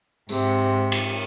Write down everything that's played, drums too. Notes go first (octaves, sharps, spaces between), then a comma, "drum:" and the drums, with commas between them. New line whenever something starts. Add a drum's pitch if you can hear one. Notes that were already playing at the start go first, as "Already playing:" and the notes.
G#2 C3, drum: tambourine
drum: cymbal